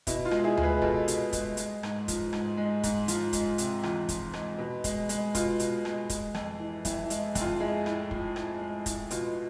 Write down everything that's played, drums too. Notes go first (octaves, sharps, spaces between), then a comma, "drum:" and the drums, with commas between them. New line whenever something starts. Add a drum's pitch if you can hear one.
B2 E4, drum: kick, hi-hat
F4
G#3, drum: rim click
E4 G#4
G#3, drum: tom D2
G#4 B4
B2 F4 A4, drum: kick
B2, drum: hi-hat
G#3, drum: kick, hi-hat
G#3, drum: hi-hat
G#2, drum: rim click
F3, drum: kick, hi-hat
G#2, drum: rim click
G#3
G#2, drum: kick, hi-hat
F3 F4, drum: hi-hat
G#3, drum: kick, hi-hat
C3, drum: hi-hat
E2 F4, drum: rim click
F3, drum: kick, hi-hat
G#3, drum: rim click
B2
G#3, drum: kick, hi-hat
G#3, drum: hi-hat
B2 F4, drum: kick, hi-hat
B2, drum: hi-hat
G#3, drum: rim click
G#3, drum: kick, hi-hat
F2, drum: rim click
E3
F2 E4, drum: kick, hi-hat
E4
G#3, drum: hi-hat
F2, drum: kick, hi-hat
F4
G#3 E4 G#4
A2, drum: rim click
F3, drum: kick
A2, drum: rim click
G#3
A2, drum: kick, hi-hat
B2 F4, drum: hi-hat